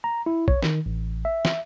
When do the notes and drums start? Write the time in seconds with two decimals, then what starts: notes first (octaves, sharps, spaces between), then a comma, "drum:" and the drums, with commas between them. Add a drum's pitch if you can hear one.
0.04 A#5
0.26 E4
0.48 C#5, drum: kick
0.62 D#3, drum: snare
0.86 A1
1.25 E5
1.45 drum: snare